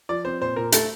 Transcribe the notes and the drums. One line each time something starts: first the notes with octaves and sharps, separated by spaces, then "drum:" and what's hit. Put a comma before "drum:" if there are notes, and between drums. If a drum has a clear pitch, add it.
F3 D5
C4 C5
A#2 C5
A#2 A#4
A3 A4, drum: hi-hat